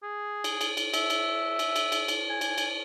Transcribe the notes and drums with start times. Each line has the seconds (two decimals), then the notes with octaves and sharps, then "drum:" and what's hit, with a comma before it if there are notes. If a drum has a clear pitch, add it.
0.03 G#4
0.44 drum: cymbal
0.61 drum: cymbal
0.77 drum: cymbal
0.94 E5, drum: cymbal
1.10 drum: cymbal
1.59 drum: cymbal
1.76 drum: cymbal
1.92 drum: cymbal
2.08 drum: cymbal
2.29 G#5
2.41 drum: cymbal
2.58 drum: cymbal